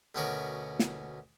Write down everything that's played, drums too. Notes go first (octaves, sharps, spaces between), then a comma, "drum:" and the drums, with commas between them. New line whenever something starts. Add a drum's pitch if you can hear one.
D2 B2 B3 C#4 F#4 A#4
drum: snare